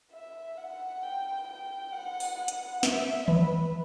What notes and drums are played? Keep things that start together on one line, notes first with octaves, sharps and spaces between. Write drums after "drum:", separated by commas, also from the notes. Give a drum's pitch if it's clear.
E5
F#5
G5
G5
F#5
drum: open hi-hat
F#5
drum: hi-hat
E5, drum: snare
B4, drum: tom D#3